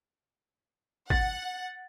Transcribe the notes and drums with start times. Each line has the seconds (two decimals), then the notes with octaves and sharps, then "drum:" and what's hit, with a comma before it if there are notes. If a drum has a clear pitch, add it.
1.10 F#5 A6, drum: kick G#1